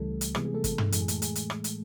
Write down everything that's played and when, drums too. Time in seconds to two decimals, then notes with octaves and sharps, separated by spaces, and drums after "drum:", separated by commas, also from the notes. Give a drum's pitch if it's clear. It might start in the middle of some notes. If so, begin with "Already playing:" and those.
Already playing: C#2 C#3 E3 G3 A3 A4
0.21 drum: hi-hat
0.35 C3 E3 G3 G#3 B3 G#4, drum: rim click
0.45 G#3 G#4
0.54 A3 A4
0.64 drum: kick, hi-hat
0.78 drum: tom
0.92 A2 E3 G#3 A4, drum: hi-hat
1.01 G#4
1.08 A3 A4, drum: hi-hat
1.22 G#3 G#4, drum: hi-hat
1.35 drum: hi-hat
1.50 drum: rim click
1.64 drum: hi-hat